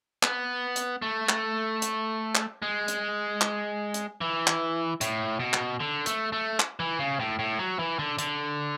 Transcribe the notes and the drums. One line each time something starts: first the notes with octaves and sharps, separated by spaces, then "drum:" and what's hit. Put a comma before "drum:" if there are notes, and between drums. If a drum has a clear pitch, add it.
B3, drum: clap
drum: hi-hat
A3
drum: clap
drum: hi-hat
drum: clap
G#3
drum: hi-hat
drum: clap
drum: hi-hat
E3
drum: clap
A2, drum: hi-hat
B2
drum: clap
D3
A3, drum: hi-hat
A3
drum: clap
E3
C#3
A2
A2
F#3
E3
D3
D3, drum: hi-hat